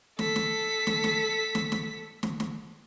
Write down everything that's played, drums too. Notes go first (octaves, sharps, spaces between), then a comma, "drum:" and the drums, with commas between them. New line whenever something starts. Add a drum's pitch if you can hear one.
A4 B6, drum: snare
drum: snare
drum: snare
drum: snare
drum: snare
drum: snare
drum: snare
drum: snare